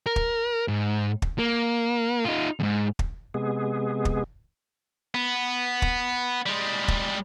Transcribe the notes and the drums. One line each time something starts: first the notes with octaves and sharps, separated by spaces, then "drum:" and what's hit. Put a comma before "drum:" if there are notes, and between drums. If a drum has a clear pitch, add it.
A#4
drum: kick
G#2
drum: kick
A#3
D#4 F4
E2 G#2
drum: kick
C3 G#3 B3 G#4
drum: kick
B3
drum: kick
G3 G#3
drum: kick